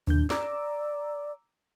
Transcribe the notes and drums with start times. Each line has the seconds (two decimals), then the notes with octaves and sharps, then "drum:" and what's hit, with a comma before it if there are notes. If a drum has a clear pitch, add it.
0.07 D#2 D4 G6, drum: tom
0.30 D5 A#5 D6 E6, drum: snare